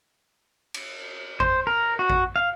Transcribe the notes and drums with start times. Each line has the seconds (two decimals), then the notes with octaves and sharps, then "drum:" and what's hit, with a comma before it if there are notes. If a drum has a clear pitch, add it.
0.74 drum: cymbal
1.40 C5, drum: kick A1
1.67 A#4
1.99 F#4
2.10 drum: kick A1
2.36 F5